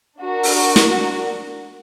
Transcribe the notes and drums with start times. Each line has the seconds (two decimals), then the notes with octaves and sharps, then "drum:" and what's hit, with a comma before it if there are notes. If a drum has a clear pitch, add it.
0.21 D4 F#4 A#4
0.43 drum: open hi-hat
0.76 drum: snare